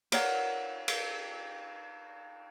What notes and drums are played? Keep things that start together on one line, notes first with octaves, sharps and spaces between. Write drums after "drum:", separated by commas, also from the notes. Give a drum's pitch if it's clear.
A#4 C#5 D5 F#5, drum: cymbal
drum: cymbal